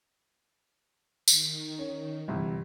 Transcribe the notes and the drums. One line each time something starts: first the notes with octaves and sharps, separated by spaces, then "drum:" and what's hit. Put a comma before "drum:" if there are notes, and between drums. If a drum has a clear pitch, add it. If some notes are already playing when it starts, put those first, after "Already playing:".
D#3, drum: tambourine
C#4
G1 C3 E3